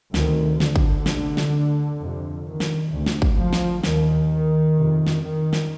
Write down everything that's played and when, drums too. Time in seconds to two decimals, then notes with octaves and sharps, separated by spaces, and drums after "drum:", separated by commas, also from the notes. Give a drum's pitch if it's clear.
0.14 D2 C3 D#3, drum: snare
0.60 D3, drum: snare
0.76 drum: kick
1.06 D2 C3, drum: snare
1.37 drum: snare
1.99 F2 C3
2.45 D#3
2.60 drum: snare
2.91 D2 C3
3.06 drum: snare
3.22 drum: kick
3.37 F3
3.53 drum: snare
3.84 D#2 D#3, drum: snare
4.76 F2 C3
5.07 drum: snare
5.22 D#3
5.53 drum: snare